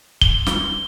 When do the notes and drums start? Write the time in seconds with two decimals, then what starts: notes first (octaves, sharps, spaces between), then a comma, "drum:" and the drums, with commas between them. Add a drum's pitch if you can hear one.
0.22 G7, drum: kick
0.47 drum: snare